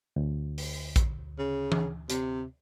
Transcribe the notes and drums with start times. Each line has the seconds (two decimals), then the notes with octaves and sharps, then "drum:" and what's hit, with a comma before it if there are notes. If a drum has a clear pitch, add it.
0.16 D2
0.58 drum: open hi-hat
0.96 drum: kick A#1, hi-hat
1.39 C#3
1.72 drum: tom E3
2.10 C3, drum: hi-hat